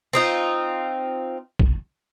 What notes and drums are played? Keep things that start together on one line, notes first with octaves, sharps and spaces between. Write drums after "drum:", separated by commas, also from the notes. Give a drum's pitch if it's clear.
C4 D#4 F4
drum: kick